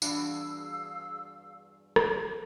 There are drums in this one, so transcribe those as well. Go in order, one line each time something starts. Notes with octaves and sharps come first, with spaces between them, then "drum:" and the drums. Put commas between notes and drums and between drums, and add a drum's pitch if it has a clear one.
E2 G2 D4 F#4 G#4 F5 E6, drum: tambourine
drum: rim click